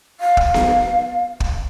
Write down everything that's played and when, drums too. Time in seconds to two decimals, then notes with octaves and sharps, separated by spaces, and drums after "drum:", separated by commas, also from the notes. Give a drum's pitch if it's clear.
0.20 F5
0.37 drum: kick
0.54 drum: snare B3
1.40 drum: kick